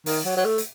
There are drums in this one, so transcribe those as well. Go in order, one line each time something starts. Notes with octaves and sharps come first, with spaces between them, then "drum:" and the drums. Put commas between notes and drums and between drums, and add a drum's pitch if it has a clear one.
D#3, drum: open hi-hat
F#3
F#3
A3
drum: hi-hat